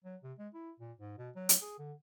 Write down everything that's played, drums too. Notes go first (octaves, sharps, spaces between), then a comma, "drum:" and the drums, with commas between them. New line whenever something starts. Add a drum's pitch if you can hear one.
F#3
C3
G#3
E4
A#2
G#2
B2
F#3
drum: hi-hat
G#4
D3